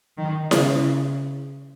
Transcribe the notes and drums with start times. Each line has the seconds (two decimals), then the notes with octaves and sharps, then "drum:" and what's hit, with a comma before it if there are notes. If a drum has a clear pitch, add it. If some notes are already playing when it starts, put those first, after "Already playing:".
0.18 D#3
0.51 C#3, drum: snare E4